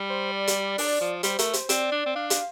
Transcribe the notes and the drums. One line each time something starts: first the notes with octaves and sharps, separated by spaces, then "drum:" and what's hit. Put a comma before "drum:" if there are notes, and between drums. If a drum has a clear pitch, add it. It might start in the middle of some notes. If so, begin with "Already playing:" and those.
Already playing: G3
C5
D5
drum: hi-hat
D4, drum: open hi-hat
F3
G3 C5, drum: hi-hat
A3 A#4, drum: hi-hat
C5, drum: hi-hat
C4 D5, drum: hi-hat
D4
C4
D4 F5
F5, drum: hi-hat